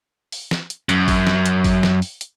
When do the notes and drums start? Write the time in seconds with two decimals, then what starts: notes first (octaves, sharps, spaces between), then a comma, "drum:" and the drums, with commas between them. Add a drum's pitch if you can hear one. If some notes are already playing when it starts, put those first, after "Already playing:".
0.32 drum: open hi-hat
0.51 drum: snare
0.70 drum: hi-hat
0.89 F#2, drum: hi-hat
1.08 drum: kick, open hi-hat
1.27 drum: snare
1.46 drum: hi-hat
1.64 drum: kick, open hi-hat
1.83 drum: snare
2.02 drum: open hi-hat
2.21 drum: hi-hat